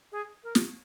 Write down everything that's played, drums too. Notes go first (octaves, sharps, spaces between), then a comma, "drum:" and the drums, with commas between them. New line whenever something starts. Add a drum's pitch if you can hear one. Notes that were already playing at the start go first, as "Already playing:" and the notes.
G#4
A#4
drum: snare